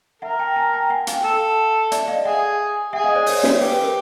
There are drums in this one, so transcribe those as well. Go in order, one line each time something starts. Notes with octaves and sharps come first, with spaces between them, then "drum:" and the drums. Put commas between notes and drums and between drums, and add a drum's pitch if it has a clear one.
A#4 E5 F#5
G5 A5
G#5 A#5
G5 A5
F#5 G#5
F5 G5, drum: hi-hat
A4
D5 E5, drum: hi-hat
D#5 F5
G#4 E5 F#5
G#4 E5 F#5
D#5 F5
C5 D5
C#5, drum: open hi-hat
C#5, drum: snare
G4 B4
B4
A#4